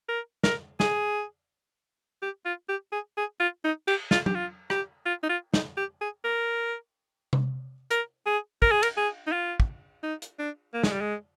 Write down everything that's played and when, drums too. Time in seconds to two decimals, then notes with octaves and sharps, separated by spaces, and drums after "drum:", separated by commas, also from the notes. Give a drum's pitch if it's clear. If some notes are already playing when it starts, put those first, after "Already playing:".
0.09 A#4
0.44 A#4, drum: snare
0.80 G#4, drum: snare
2.22 G4
2.45 F4
2.69 G4
2.92 G#4
3.17 G#4
3.40 F4
3.65 D#4
3.88 G4, drum: cymbal
4.11 F4, drum: snare
4.26 G4, drum: tom F#3
4.35 F4
4.70 G4, drum: rim click
5.06 F4
5.23 D#4
5.29 F4
5.54 D#4, drum: snare
5.77 G4
6.01 G#4
6.24 A#4
7.33 drum: tom C3
7.91 A#4, drum: hi-hat
8.26 G#4
8.62 A#4, drum: kick
8.71 G#4
8.83 A#4, drum: cymbal
8.97 G#4
9.27 D#4
9.32 F4
9.60 drum: kick
10.03 D#4
10.22 drum: hi-hat
10.39 D4
10.74 A#3
10.84 G#3, drum: snare
10.92 G3
11.01 G#3